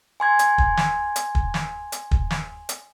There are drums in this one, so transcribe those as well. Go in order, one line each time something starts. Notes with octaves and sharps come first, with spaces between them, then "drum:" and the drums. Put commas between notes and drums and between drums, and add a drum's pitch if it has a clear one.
G#5 C6 G#6
drum: hi-hat
drum: kick
drum: snare
drum: hi-hat
drum: kick
drum: snare
drum: hi-hat
drum: kick
drum: snare
drum: hi-hat